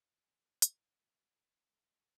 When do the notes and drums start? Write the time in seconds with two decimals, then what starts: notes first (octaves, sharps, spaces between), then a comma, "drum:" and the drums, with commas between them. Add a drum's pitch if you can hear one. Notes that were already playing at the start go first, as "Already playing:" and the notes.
Already playing: E2 B3 F#4
0.23 E2 D#3 G#3 C#4 G#4
0.62 drum: hi-hat
0.96 B2 A3 E4 A4
1.69 A2 G#3 D#4 A4